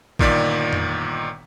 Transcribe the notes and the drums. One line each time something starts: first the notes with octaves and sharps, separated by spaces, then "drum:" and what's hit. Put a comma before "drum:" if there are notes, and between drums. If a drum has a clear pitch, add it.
G1 A#2 D#3 D5 B6, drum: kick A1
drum: tom F2